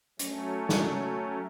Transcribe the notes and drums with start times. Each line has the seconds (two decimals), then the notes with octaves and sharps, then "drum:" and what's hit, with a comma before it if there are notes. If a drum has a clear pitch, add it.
0.19 F#3 A3 C#4, drum: hi-hat
0.69 drum: snare